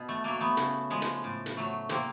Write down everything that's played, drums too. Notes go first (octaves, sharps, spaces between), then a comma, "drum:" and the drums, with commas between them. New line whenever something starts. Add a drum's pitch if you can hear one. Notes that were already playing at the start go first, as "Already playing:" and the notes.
Already playing: B2
A3
F#3 A3 A#3
A3 B3
C#3, drum: hi-hat
F3 G#3
drum: hi-hat
A2
drum: hi-hat
F#3 A3
C3 A#3 C4, drum: hi-hat